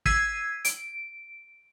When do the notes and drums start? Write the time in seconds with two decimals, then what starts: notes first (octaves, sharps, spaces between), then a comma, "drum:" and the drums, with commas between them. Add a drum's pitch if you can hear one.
0.06 E6 G#6 B6 C7 D#7, drum: kick
0.65 D7, drum: hi-hat